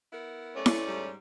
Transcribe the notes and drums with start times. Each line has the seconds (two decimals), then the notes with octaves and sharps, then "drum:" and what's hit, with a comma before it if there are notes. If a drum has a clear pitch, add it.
0.12 B3 E4 A#4
0.56 A3 C#4 D5
0.66 drum: snare E4
0.86 G#2 G3